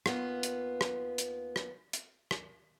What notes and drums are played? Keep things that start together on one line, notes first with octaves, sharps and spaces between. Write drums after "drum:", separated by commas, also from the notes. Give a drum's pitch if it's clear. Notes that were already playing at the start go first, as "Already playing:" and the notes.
D#2 B3 F4, drum: rim click
drum: hi-hat
drum: rim click
drum: hi-hat
drum: rim click
drum: hi-hat
drum: rim click